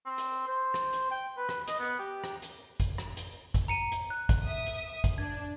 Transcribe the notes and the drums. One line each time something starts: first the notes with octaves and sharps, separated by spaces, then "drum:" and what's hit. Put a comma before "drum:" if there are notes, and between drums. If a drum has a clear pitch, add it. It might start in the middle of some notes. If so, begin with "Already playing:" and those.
C4
drum: hi-hat
C5
drum: rim click
drum: hi-hat
G5
B4
drum: rim click
D#5, drum: hi-hat
B3
G4
drum: rim click
drum: hi-hat
drum: kick, hi-hat
drum: rim click
drum: hi-hat
drum: kick, hi-hat
A#5 C#7 D#7
drum: hi-hat
F#6
drum: kick, hi-hat
E5 D#6
drum: hi-hat
drum: kick, hi-hat
D4 G#6